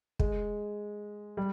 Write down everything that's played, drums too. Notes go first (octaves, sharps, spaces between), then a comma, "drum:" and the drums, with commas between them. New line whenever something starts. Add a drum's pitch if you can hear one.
G#3, drum: kick
G3